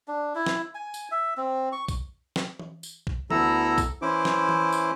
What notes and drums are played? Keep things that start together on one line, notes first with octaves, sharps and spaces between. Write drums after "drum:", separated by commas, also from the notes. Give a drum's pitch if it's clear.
D4
E4
drum: snare
G#5
drum: tambourine
E5
C4
C#6
drum: kick, tambourine
drum: snare
drum: tom E3
drum: tambourine
drum: kick
D2 B3 E4 A4 A#5 E6, drum: tom E3
drum: kick, tambourine
E3 C#4 E4 C5 D6
drum: snare
drum: tom E3
drum: tambourine